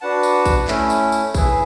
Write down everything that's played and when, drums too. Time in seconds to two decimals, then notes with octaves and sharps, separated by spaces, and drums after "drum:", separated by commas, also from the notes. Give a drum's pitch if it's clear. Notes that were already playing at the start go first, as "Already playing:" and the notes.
0.01 D4 F#4 B4 F#5 A5
0.23 drum: tambourine
0.45 drum: kick A#1, tambourine
0.68 A3 C#4 E4, drum: clap
0.90 drum: tambourine
1.12 drum: tambourine
1.34 E4 G#4 B4 E5, drum: kick A#1, tambourine